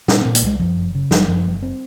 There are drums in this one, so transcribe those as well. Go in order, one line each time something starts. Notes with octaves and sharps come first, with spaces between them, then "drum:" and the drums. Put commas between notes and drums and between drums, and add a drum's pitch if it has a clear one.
A#2 C#4, drum: snare
A#2 C4
A#3, drum: hi-hat
C2 G#3
F#2 F3
F#1
C#3
F#1 F3, drum: snare
F#3
F#2 F3
F#1
C4